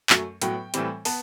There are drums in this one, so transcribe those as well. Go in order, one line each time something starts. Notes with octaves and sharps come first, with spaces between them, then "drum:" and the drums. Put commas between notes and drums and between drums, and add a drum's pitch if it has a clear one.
F#2 F#3 A3, drum: clap
A2 F#3 B3 G5, drum: hi-hat
A2 E3 G3 C4, drum: hi-hat
B3 A5, drum: open hi-hat